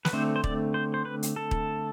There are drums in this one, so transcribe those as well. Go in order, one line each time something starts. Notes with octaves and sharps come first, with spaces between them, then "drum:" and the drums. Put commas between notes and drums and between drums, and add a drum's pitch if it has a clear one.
B4, drum: snare
D3 A3 C4 C5
C5
D5, drum: kick D#1
C5
C5
B4
drum: hi-hat
A4
drum: kick D#1